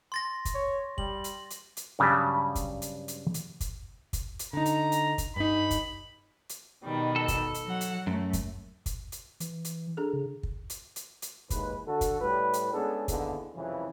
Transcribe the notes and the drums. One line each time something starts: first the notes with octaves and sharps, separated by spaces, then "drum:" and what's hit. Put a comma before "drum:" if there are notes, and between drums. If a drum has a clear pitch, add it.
C6 A6 A#6
drum: kick, hi-hat
C#5
G3 F#7, drum: kick
drum: hi-hat
drum: hi-hat
drum: hi-hat
G2 C#3 F#3 G3
drum: kick, hi-hat
drum: hi-hat
drum: hi-hat
drum: hi-hat
drum: kick, hi-hat
drum: kick, hi-hat
drum: hi-hat
D3 D#4 A#5
drum: hi-hat
drum: hi-hat
drum: kick, hi-hat
G2 D#4 B5
drum: kick, hi-hat
drum: hi-hat
B2 D#3 G3
A4
drum: kick, hi-hat
drum: hi-hat
F#3 F#5
drum: hi-hat
F#2 A3
drum: kick, hi-hat
drum: kick, hi-hat
drum: hi-hat
E3, drum: hi-hat
drum: hi-hat
D4 G#4 A4
C#3
drum: kick
drum: hi-hat
drum: hi-hat
drum: hi-hat
D#2 D#3 E3 G#3 B4, drum: kick, hi-hat
D3 F#4 A4
drum: kick, hi-hat
A2 G3 B4
drum: hi-hat
G#3 B3 C#4 D4 G#4 A4
D3 D#3 A#3 B3 E4 G#4, drum: kick, hi-hat
C2 F2 C#3 E3